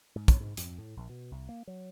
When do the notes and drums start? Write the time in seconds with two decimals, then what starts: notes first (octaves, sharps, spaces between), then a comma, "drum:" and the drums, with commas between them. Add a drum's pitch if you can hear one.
0.15 G#2
0.28 F#3, drum: kick, hi-hat
0.41 G#2
0.57 F2, drum: hi-hat
0.78 A2
0.97 A#1
1.09 B2
1.31 C2
1.49 A#3
1.67 F#3